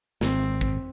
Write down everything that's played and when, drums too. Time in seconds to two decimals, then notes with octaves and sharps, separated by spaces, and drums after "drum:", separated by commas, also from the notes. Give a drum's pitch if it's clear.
0.21 G#1 C4, drum: snare
0.61 drum: kick G#1